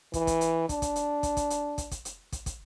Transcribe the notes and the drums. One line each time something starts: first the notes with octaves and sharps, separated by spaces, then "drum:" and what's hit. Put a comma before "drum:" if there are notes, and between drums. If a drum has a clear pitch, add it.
E3, drum: kick, hi-hat
drum: kick, hi-hat
drum: hi-hat
D4, drum: kick, hi-hat
drum: kick, hi-hat
drum: hi-hat
drum: kick, hi-hat
drum: kick, hi-hat
drum: hi-hat
drum: kick, hi-hat
drum: kick, hi-hat
drum: hi-hat
drum: kick, hi-hat
drum: kick, hi-hat